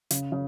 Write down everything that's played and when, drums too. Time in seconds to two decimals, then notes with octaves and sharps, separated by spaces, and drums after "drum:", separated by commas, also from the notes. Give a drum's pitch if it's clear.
0.11 C#3, drum: hi-hat
0.32 C#3